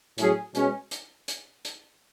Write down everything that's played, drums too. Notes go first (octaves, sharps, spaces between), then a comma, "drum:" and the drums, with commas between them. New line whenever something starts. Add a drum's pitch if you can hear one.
A2 F#3 C#4 G#4, drum: hi-hat
B2 G#3 C#4, drum: hi-hat
drum: hi-hat
drum: hi-hat
drum: hi-hat